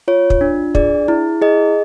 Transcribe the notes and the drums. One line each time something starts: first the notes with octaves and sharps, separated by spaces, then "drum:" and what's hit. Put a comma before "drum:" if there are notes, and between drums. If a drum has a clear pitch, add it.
F4 C#5
drum: kick
D4
G#4 D5, drum: kick
E4
G#4 D#5